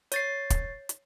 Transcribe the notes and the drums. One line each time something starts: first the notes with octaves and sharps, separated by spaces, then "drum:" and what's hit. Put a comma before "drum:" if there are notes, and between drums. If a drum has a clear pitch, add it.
C#5 A6 C7, drum: hi-hat
drum: kick, hi-hat
drum: hi-hat